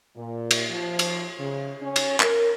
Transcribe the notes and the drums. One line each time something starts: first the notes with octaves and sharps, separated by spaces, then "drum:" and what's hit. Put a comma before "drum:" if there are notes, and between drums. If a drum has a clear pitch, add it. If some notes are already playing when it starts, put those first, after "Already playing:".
A#2
drum: cymbal
F3
drum: cymbal
C#3
C#4
drum: cymbal
A#4, drum: clap